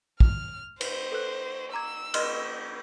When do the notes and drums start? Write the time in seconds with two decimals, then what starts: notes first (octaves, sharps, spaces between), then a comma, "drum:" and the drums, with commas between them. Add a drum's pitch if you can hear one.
0.20 F6, drum: kick
0.81 B4 C5, drum: cymbal
1.12 A4 B4 F#6
1.73 A#5 D6 E6 G#6
2.14 D#5 C6 F6, drum: cymbal